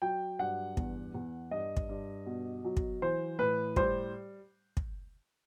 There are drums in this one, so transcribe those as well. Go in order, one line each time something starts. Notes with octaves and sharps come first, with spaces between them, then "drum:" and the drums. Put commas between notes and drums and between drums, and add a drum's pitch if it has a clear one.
F#3 G5
G2 F#5
E2, drum: kick
E2
G2 D#5
drum: kick
G2
B2
F#3
drum: kick
E3 C5
A2 B4
G3 C5, drum: kick
drum: kick